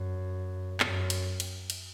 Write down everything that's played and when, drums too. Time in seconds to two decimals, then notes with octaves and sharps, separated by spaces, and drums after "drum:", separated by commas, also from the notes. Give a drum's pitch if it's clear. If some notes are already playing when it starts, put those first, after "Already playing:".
Already playing: F#2
0.80 F#2, drum: clap
1.10 drum: cymbal
1.40 drum: cymbal
1.70 drum: cymbal